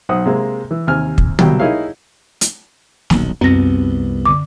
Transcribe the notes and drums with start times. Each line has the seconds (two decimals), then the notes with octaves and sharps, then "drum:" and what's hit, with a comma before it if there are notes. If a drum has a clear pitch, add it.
0.09 B1 C5 F#5 D#6
0.26 C3 G#3 A#3 C4
0.71 E3
0.87 D#2 C3 G#5 F6
1.18 drum: kick
1.39 C2 B2 F#3 G5, drum: tom
1.60 D#4 E4 G#4 A#4 C#5 F5
2.41 drum: hi-hat
3.10 D#1 B1, drum: snare
3.41 C2 F#2 B3 C4 A#6
4.25 D3 D6